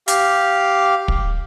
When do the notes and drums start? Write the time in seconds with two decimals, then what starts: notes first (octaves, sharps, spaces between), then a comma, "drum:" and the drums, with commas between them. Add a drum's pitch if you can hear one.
0.08 G4 F5, drum: hi-hat
1.08 drum: kick